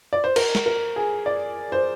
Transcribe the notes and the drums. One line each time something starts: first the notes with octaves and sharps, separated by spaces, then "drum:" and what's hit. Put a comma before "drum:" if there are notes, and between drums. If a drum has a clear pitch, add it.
D5
C5
A#4, drum: cymbal
drum: snare
A#4
G#4
D5
C5